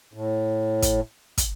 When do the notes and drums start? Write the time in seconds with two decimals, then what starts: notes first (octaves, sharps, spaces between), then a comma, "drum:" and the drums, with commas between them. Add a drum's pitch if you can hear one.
0.14 A2
0.82 drum: kick, hi-hat
1.38 drum: kick, hi-hat